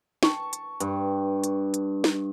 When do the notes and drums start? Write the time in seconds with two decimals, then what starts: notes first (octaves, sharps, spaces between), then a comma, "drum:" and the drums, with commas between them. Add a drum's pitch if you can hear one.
0.23 A5 C#6, drum: snare
0.53 drum: hi-hat
0.80 G2, drum: hi-hat
1.44 drum: hi-hat
1.74 drum: hi-hat
2.04 drum: snare